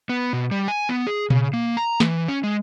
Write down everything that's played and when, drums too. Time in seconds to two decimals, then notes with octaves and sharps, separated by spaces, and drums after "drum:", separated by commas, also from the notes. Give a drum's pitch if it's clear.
0.09 B3
0.33 B2
0.51 G3
0.68 G#5
0.89 B3
1.07 G#4
1.30 C#3, drum: tom A#2
1.53 A#3
1.77 A#5
2.00 E3, drum: snare
2.28 C#4
2.44 G#3